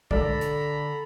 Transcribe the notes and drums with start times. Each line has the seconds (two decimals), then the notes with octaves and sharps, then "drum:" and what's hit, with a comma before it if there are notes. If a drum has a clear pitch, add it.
0.11 D3 G#3 A4 A#4 D5 A#5 B5, drum: kick A#1
0.41 drum: hi-hat